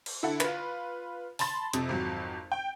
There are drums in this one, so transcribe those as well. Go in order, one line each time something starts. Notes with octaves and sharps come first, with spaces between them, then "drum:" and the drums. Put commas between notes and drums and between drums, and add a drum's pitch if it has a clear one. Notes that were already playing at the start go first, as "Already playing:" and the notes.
drum: cymbal
D3 E4 A4 F#5
F4 B4, drum: clap
A5 B5 C6 A6, drum: open hi-hat
F2 C3, drum: hi-hat
G#1 F2 F#3
G5